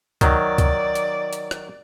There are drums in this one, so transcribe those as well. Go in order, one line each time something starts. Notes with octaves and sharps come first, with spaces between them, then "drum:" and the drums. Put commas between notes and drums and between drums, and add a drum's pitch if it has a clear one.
D#3 F#3 D5, drum: kick C#2, hi-hat
drum: kick C#2, hi-hat
drum: hi-hat
drum: hi-hat
drum: rim click